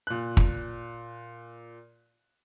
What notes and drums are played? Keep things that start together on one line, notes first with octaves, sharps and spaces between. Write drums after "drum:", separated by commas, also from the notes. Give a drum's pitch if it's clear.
A#2 F#6
drum: kick